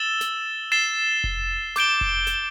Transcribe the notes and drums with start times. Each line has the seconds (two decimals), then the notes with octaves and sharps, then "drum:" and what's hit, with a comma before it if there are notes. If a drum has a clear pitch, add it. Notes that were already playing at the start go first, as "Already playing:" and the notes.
Already playing: E6 A6 E7 G7
0.21 drum: snare
0.72 A6 C7 E7 G7
1.24 drum: kick F1
1.76 D6 G6 D7 G7, drum: snare
2.01 drum: kick F1
2.27 drum: snare